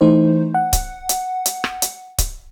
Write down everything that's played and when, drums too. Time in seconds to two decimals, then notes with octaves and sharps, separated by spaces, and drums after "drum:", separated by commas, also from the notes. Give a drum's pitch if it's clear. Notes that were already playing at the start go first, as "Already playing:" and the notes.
0.01 E3 A3 D#4 C5
0.54 F#5
0.73 drum: kick C#1, hi-hat
1.09 drum: hi-hat
1.46 drum: hi-hat
1.64 drum: rim click
1.82 drum: hi-hat
2.18 drum: kick C#1, hi-hat